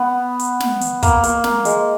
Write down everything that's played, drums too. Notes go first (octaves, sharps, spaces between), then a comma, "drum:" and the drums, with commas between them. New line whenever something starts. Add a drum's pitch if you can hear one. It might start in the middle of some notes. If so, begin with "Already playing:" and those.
Already playing: B3
drum: hi-hat
drum: snare
drum: hi-hat
A#3, drum: kick, hi-hat
A#3, drum: hi-hat
A#3, drum: snare
G#3, drum: hi-hat